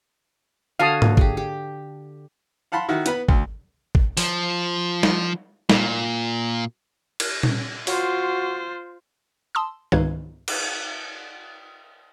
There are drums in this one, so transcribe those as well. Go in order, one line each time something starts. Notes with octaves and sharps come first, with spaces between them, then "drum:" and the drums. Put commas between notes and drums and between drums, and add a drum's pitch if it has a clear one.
D3 F#4 F5 G#5 A5 D#6
drum: tom G#2
G4 G#4, drum: kick
G4
F5 F#5 A5 B5 C6
D#3 E4 F#4
B3 B4 B5, drum: hi-hat
D2, drum: kick
drum: kick
F3, drum: open hi-hat
drum: snare
A#2, drum: snare
drum: cymbal
drum: tom A#2
F4 F#4 C5, drum: open hi-hat
A5 C6 D#6 E6
C#2 G#2 D#4 B4 F5 G#6, drum: tom D#3
drum: cymbal